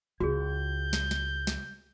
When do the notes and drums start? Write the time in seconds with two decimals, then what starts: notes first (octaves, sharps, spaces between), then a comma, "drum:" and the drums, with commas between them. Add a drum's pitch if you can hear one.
0.20 C#2 F#4 G#4 G6
0.93 drum: snare
1.11 drum: snare
1.47 drum: snare